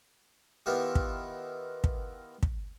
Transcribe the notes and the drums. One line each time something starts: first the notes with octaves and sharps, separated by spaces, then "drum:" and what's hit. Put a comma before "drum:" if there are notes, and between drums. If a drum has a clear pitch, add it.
D#3 B3 E4 F4 G4
drum: kick
drum: kick
drum: kick